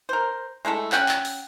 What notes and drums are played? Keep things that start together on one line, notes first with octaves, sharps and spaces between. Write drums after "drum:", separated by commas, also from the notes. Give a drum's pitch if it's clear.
A#4 C5
G#3 A3 E4 A4
C#4 F#5 G5, drum: clap
drum: clap
drum: open hi-hat